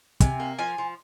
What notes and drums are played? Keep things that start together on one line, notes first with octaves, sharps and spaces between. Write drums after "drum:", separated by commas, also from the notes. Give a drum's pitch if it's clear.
C3 G#5, drum: kick, hi-hat
A#3
F3 G#5
F3